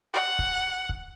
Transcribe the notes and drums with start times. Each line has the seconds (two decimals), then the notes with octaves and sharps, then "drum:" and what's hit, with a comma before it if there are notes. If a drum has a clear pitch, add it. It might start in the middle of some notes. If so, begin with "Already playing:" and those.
0.14 F#5
0.39 drum: kick
0.89 drum: kick